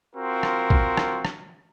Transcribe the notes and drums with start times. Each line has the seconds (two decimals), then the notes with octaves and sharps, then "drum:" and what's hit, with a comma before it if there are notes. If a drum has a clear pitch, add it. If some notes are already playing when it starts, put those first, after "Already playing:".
0.16 C4 F4 F#4 A#4
0.43 drum: rim click
0.70 drum: kick B1
0.97 drum: rim click
1.25 drum: rim click